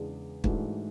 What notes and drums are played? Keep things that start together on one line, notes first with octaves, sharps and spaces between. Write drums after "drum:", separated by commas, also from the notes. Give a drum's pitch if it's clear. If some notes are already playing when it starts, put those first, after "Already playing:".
Already playing: E2 C#3 G#3 D4
G#2 E3 A3 D4 F#4, drum: kick